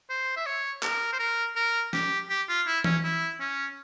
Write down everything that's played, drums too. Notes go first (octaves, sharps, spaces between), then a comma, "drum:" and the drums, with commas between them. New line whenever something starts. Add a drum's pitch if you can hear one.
C5
E5
C#5
A#4, drum: clap
C5
A#4
A#4
G4, drum: snare
G4
F4
E4
C#4, drum: tom E3
E4
C#4